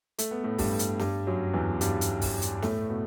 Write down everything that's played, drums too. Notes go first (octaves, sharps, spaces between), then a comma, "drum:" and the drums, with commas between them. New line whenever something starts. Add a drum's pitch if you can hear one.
A3, drum: hi-hat
B3
A2 A3
G2 G3, drum: kick, open hi-hat
drum: hi-hat
G2 G3, drum: snare
F#2 F#3
E2 E3
G2 G3, drum: hi-hat
drum: hi-hat
drum: kick, open hi-hat
drum: hi-hat
A2 A3, drum: snare
B2 B3